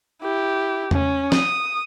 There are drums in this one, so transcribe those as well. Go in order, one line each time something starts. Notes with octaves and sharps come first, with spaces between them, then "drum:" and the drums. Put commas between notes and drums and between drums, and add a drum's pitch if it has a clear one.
E4 G4
C#4, drum: tom E2
D#6, drum: snare